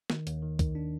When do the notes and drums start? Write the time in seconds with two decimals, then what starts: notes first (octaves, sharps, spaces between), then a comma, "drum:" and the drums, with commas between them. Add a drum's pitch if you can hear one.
0.10 D#3, drum: snare
0.27 D#2, drum: hi-hat
0.42 D#3
0.59 D#3, drum: kick C2, hi-hat
0.75 D4